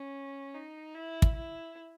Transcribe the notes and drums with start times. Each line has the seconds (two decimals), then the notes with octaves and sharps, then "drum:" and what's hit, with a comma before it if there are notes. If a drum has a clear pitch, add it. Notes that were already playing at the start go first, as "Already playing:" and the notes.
Already playing: C#4
0.55 D#4
0.95 E4
1.22 drum: kick
1.35 E4